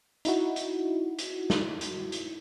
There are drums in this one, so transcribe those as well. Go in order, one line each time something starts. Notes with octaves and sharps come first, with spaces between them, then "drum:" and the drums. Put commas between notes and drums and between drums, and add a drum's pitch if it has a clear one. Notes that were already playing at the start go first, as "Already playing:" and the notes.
D#4 E4 F#4, drum: hi-hat
drum: hi-hat
drum: hi-hat
drum: snare
drum: hi-hat
drum: hi-hat